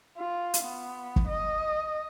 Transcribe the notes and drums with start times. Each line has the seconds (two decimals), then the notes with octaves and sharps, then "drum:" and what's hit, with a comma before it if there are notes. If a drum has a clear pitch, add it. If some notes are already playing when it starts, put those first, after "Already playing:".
0.18 F4
0.54 drum: hi-hat
0.64 B3
1.16 drum: kick G1
1.28 D#5